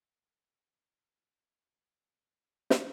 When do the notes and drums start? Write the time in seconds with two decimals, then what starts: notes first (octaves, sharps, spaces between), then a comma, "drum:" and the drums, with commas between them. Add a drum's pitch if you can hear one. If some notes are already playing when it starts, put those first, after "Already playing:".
0.10 C4 E4 A4 A6
2.70 drum: snare